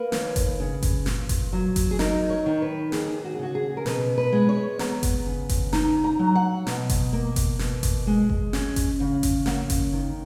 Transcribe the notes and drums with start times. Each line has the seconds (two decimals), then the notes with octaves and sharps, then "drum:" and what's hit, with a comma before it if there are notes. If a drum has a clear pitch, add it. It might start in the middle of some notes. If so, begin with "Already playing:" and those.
Already playing: A#3 B4
0.12 D#2, drum: snare
0.36 drum: kick F#1, hi-hat
0.60 C#3
0.83 drum: kick F#1, hi-hat
1.06 A#2, drum: snare
1.29 drum: kick F#1, hi-hat
1.53 F#3
1.76 drum: kick F#1, hi-hat
1.91 G#4
1.99 D#4 A#4, drum: snare
2.30 C#5
2.46 D#3
2.62 B4
2.92 D#2 G#4, drum: snare
3.24 F#4
3.33 G#4
3.39 C#3 F#4
3.55 G#4
3.77 A#4
3.86 B2 B4, drum: snare
4.18 B4
4.33 G#3
4.49 C#5
4.79 B3 A#5, drum: snare
5.03 drum: kick F#1, hi-hat
5.26 C#3
5.49 drum: kick F#1, hi-hat
5.73 D#4 A#5, drum: snare
6.04 A#5
6.19 F#3
6.35 F#5
6.67 B2, drum: snare
6.90 drum: kick F#1, hi-hat
7.13 A#3
7.36 drum: kick F#1, hi-hat
7.59 B2, drum: snare
7.83 drum: kick F#1, hi-hat
8.07 G#3
8.30 drum: kick F#1
8.53 C#4, drum: snare
8.76 drum: kick F#1, hi-hat
9.00 C#3
9.23 drum: kick F#1, hi-hat
9.46 A#3 F#5, drum: snare
9.70 drum: kick F#1, hi-hat
9.93 D#3